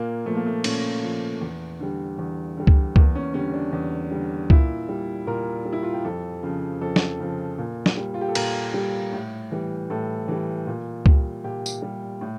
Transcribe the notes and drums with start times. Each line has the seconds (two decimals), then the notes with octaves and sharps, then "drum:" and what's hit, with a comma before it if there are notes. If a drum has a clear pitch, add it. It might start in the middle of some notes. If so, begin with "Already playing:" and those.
Already playing: A#2 A#3
0.26 F3 A3
0.36 A#3
0.46 A3
0.64 A#2 C#4, drum: cymbal
1.03 F3
1.41 E2
1.80 D3 G3
2.18 E2
2.57 D3 G3
2.67 drum: kick C#2
2.96 E2 A#3, drum: kick C#2
3.15 C#4
3.34 D3 G3 C#4
3.54 D4
3.72 E2
4.11 D3 G3
4.50 A#2 E4, drum: kick C#2
4.89 G3
5.27 A#2 A#4
5.65 G3
5.73 E4
5.83 F4
5.94 G4
6.04 F2 A4
6.43 C#3 F3
6.81 F2 A4
6.96 drum: snare
7.20 C#3 F3
7.58 A#2
7.86 drum: snare
7.97 G3
8.14 F4
8.21 G4
8.29 A4
8.35 A#2 A#4, drum: cymbal
8.74 G3
9.13 A2
9.51 E3 G3
9.90 A2 A4
10.28 E3 G3
10.67 A#2
11.06 G3, drum: kick C#2
11.44 A#2 G4
11.66 drum: tambourine
11.82 G3
12.21 A2